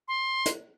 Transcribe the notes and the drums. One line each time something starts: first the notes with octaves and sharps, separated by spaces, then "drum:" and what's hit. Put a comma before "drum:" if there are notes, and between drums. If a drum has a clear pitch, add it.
C6
drum: hi-hat